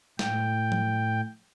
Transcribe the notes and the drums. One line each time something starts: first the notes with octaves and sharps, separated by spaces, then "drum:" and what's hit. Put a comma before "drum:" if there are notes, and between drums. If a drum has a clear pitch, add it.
A2 G5, drum: snare
drum: tom F3